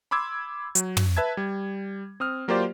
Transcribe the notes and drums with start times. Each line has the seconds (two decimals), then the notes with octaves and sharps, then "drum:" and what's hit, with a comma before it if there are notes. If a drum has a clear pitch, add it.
0.11 B5 C6 D6 E6 G#6
0.75 F#3, drum: hi-hat
0.97 drum: tom
1.17 B4 E5 A5 G#6
1.37 G3
2.20 C4 D#6 F6
2.48 F#3 A#3 F4 G4 C5 D5